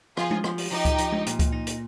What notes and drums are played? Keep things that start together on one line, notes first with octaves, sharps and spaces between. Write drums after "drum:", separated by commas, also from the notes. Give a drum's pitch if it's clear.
F3 F4 G#4, drum: rim click
drum: tom G#3
F3, drum: rim click
drum: open hi-hat
F3 D#4 G4
drum: kick C#2, hi-hat
F3, drum: hi-hat
drum: tom G#3
A#2, drum: hi-hat
drum: kick C#2, hi-hat
D#4
drum: hi-hat